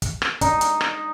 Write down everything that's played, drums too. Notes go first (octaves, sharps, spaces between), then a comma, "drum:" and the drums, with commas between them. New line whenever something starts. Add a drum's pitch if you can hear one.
drum: kick, hi-hat
drum: rim click
D#4, drum: kick, hi-hat
drum: hi-hat
drum: rim click